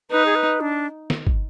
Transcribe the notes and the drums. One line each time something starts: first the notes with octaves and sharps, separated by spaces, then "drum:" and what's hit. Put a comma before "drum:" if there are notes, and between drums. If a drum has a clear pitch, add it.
D#4 B4
G#4
B4
D4
drum: snare
drum: kick